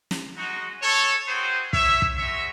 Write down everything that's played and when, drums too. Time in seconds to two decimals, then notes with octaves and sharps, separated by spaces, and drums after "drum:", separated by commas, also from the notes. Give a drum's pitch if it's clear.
0.11 drum: snare
0.37 G#3 D#4 F#4
0.82 A4 C#5
1.27 C4 D#4 F#4 G#4 C5
1.73 C#5 E5, drum: kick
2.02 drum: kick
2.18 G#3 D#4 F#4 C#5 E5